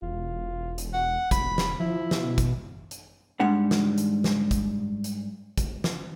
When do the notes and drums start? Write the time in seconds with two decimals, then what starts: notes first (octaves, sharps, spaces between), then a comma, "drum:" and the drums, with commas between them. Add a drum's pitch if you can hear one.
0.02 E1 F4
0.78 drum: hi-hat
0.93 F#5
1.31 E1 B5, drum: kick, hi-hat
1.58 drum: snare
1.80 F3 E4
2.11 B2, drum: snare
2.38 drum: kick, hi-hat
2.91 drum: hi-hat
3.40 G#2 G3 G#3 D4 F#5
3.71 drum: snare
3.98 drum: hi-hat
4.24 drum: snare
4.51 drum: kick, hi-hat
5.04 drum: hi-hat
5.58 drum: kick, hi-hat
5.84 drum: snare